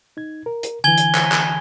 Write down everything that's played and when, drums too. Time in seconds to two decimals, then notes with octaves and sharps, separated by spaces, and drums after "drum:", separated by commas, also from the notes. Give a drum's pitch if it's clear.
0.17 D#4 G#6
0.46 A#4
0.63 drum: hi-hat
0.84 D3 E3 G#5 G#6 G7
0.98 drum: hi-hat
1.15 drum: clap
1.32 drum: clap